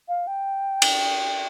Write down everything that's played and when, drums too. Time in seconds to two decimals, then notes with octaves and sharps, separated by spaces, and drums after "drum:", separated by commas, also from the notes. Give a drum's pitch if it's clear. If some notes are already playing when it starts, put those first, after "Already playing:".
0.09 F5
0.27 G5
0.82 drum: cymbal